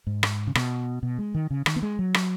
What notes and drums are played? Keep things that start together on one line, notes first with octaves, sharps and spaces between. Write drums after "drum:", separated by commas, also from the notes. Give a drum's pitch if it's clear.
G#2
drum: rim click
C#3
B2, drum: rim click
B2
G#3
D#3
C#3
D#3, drum: rim click
B3
G#3
F#3
drum: rim click